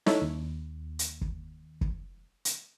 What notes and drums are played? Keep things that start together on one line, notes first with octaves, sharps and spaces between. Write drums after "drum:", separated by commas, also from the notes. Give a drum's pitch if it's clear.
D#4 E4 A4 C#5 E5, drum: snare
D#2
drum: hi-hat
drum: kick
drum: kick
drum: hi-hat